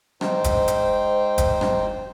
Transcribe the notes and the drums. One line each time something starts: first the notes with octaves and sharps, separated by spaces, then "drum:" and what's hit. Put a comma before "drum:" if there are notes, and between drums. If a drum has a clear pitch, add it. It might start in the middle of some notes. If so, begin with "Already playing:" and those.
G#2 D#4 C5 G5, drum: rim click
drum: kick F1, hi-hat
drum: hi-hat
drum: kick F1, hi-hat
drum: rim click